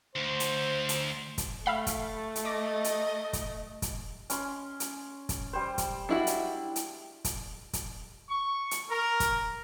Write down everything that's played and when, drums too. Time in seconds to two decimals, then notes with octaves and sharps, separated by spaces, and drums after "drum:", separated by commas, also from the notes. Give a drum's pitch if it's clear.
0.16 D2 C5
0.40 drum: hi-hat
0.89 drum: hi-hat
1.38 drum: kick, hi-hat
1.66 A3 E5 F5 B5
1.87 drum: kick, hi-hat
2.35 drum: hi-hat
2.45 D#5 D6 A#6
2.84 drum: hi-hat
3.33 drum: kick, hi-hat
3.82 drum: kick, hi-hat
4.30 C#4 C6, drum: hi-hat
4.80 drum: hi-hat
5.29 drum: kick, hi-hat
5.53 G3 C5
5.78 drum: kick, hi-hat
6.09 D4 E4 F#4
6.27 drum: hi-hat
6.76 drum: hi-hat
7.25 drum: kick, hi-hat
7.73 drum: kick, hi-hat
8.29 C#6
8.71 drum: hi-hat
8.89 A#4
9.20 drum: kick, hi-hat